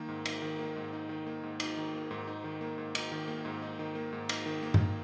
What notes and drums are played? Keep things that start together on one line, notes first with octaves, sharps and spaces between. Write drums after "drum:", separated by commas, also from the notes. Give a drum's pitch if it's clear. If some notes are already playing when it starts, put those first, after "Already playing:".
Already playing: D#3 A#3 D#4
G#2
D#4, drum: cymbal
D#3
A#3
G#2
D#4
D#3
A#3
G#2
D#4, drum: cymbal
D#3
A#3
G#2
D#4
D#3
A#3
G#2
D#4, drum: cymbal
D#3
A#3
G#2
D#4
D#3
A#3
G#2
D#4, drum: cymbal
D#3
A#3
drum: tom G2